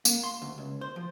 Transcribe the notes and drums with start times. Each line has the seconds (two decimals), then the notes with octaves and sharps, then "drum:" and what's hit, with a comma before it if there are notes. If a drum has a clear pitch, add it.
0.05 A#3, drum: tambourine
0.23 C6
0.42 D2
0.58 C#2
0.81 C5
0.96 F3